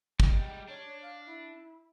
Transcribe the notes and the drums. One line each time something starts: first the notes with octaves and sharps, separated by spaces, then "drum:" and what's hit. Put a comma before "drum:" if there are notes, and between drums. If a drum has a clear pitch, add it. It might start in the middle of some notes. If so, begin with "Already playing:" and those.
G3 G#3, drum: kick
G5
D4 C#5
F5
E4